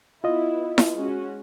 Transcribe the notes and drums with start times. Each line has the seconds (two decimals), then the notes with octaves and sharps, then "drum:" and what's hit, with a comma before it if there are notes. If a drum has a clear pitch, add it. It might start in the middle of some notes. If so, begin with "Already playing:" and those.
0.24 B3 E4 F4 D#5
0.78 drum: snare E4
0.95 G#3 C#4 F#4